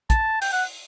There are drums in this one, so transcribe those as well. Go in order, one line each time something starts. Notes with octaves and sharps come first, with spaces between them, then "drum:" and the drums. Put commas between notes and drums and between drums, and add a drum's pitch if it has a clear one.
A5, drum: kick, hi-hat
G5, drum: open hi-hat
F#5